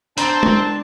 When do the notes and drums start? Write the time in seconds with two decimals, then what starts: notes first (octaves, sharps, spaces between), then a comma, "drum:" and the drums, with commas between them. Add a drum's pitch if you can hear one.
0.18 C4 D4 C5 A5 A#5, drum: hi-hat
0.43 drum: tom G#3